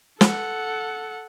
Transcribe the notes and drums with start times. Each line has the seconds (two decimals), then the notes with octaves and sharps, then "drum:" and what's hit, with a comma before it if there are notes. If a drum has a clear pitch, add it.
0.21 A4 F#5, drum: snare